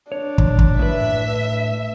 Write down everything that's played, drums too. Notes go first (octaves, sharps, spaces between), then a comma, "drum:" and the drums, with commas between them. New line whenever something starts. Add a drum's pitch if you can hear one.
D4 C#5
drum: kick
drum: kick
A2 B4 E5